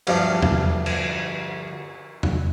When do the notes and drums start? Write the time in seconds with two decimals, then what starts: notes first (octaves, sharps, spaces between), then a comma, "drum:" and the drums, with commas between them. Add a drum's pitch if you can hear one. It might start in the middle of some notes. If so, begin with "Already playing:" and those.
0.07 D2 G2 F3 C#4 D4 F4, drum: cymbal
0.42 drum: tom E2
0.86 drum: cymbal
2.23 drum: tom E2